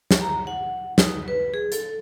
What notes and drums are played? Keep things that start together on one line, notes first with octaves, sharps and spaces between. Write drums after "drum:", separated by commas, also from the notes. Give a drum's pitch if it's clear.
drum: snare
A#5
F#5
D#4, drum: snare
B4
G#4
A4, drum: hi-hat